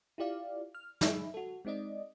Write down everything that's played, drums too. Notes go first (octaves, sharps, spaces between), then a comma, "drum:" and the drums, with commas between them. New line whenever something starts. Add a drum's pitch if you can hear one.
E4 F4 G4 D5 F5
F6
D#4 G#4 E5 B5, drum: snare
F#4 A4
G#3 C4 D#4 D5 D#5